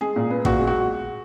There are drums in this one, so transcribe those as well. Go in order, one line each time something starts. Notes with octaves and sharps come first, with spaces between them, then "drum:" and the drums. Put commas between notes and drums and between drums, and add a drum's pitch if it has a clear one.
G#3 G#4
A#2
B3
A#2 F#4, drum: kick
G#3
F#4